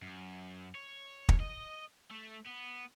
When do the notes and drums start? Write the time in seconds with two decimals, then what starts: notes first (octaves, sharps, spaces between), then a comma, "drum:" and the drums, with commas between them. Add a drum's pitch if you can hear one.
0.02 F#2
0.75 C#5
1.29 drum: kick
1.40 D#5
2.11 A3
2.46 B3